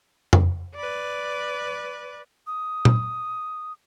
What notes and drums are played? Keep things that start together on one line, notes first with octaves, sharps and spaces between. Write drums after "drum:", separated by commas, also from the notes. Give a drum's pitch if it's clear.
drum: tom F2
B4 D5
D#6
drum: tom A#2